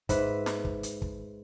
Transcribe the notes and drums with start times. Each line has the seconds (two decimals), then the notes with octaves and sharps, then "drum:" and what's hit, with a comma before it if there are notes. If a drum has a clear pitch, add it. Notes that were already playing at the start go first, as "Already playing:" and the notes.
0.09 G#2 B4 E5, drum: kick, hi-hat
0.46 drum: snare
0.65 drum: kick
0.83 drum: hi-hat
1.02 drum: kick